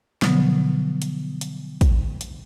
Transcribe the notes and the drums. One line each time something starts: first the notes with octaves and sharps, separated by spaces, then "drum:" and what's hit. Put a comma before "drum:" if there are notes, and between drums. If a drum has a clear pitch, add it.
B2 D3 F3 F#3 B3, drum: snare
drum: hi-hat
drum: hi-hat
drum: kick, hi-hat
drum: hi-hat